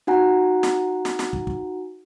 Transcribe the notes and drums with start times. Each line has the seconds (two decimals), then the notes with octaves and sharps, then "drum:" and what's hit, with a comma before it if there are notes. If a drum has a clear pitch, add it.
0.07 D#4 F#4 F#5 G#5 A#5
0.63 drum: snare
1.05 drum: snare
1.19 drum: snare
1.33 drum: kick
1.47 drum: kick